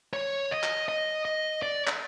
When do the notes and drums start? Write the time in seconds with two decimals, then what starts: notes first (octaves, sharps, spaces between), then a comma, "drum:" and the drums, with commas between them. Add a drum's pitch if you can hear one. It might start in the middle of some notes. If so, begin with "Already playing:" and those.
0.13 C#5
0.51 D#5
0.63 drum: clap
0.89 D#5
1.25 D#5
1.63 D5
1.87 drum: clap